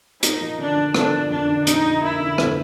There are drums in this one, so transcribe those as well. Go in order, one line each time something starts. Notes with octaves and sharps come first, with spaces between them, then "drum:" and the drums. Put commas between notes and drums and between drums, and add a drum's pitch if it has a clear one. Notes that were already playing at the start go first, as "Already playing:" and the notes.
A#3 D#4, drum: hi-hat
F3
D3 D4
F3
A#3 D4, drum: rim click
F3
F2 D4
D3
D3 D#4, drum: hi-hat
F3
A#3 E4
D3
F2, drum: rim click